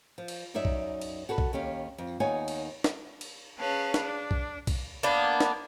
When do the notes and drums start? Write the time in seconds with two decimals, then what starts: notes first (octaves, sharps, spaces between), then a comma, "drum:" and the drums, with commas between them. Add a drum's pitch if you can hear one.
0.18 F3
0.28 drum: cymbal
0.54 F#2 D#4 C#5 D5 E5
0.65 drum: kick B1
1.01 drum: cymbal
1.29 F#4 A4 B4
1.38 drum: kick B1
1.53 D#2 C#4 G4 F5
1.98 F2
2.20 D#2 B3 D#4 C#5 F#5 G#5
2.48 drum: cymbal
2.84 drum: snare
3.21 drum: cymbal
3.58 C#4 G#4 B4 F5 A5
3.94 drum: snare
4.04 D4
4.31 drum: kick B1
4.67 drum: kick B1, cymbal
5.03 A#3 B3 D4
5.41 drum: snare